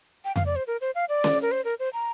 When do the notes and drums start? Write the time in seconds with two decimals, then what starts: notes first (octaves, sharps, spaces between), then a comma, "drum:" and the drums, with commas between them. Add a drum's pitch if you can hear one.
0.25 G5
0.36 F5, drum: tom F2
0.46 D5
0.56 C5
0.67 A#4
0.81 C5
0.95 F5
1.09 D5
1.24 drum: snare C#4
1.42 A#4
1.52 C5
1.65 A#4
1.79 C5
1.93 A#5